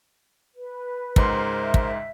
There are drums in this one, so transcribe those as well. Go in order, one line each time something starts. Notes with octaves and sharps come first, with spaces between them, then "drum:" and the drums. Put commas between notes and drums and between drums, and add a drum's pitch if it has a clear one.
B4
C#2 G#2 A#4 C5 C6, drum: kick
E5
drum: kick